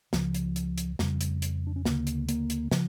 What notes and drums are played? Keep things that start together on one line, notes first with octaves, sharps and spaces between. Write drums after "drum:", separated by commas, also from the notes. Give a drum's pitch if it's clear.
C#2 C#3 F3, drum: snare
drum: hi-hat
drum: hi-hat
drum: hi-hat
F2 C#3 G3, drum: snare
drum: hi-hat
drum: hi-hat
D4
C#4
D2 C#3 A#3, drum: snare
drum: hi-hat
A#3, drum: hi-hat
drum: hi-hat
C#3 F3, drum: snare